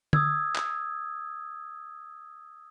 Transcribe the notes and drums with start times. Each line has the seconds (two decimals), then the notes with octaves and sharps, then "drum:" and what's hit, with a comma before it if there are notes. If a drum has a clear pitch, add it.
0.13 D#6 E6 G#6, drum: tom D3
0.55 drum: clap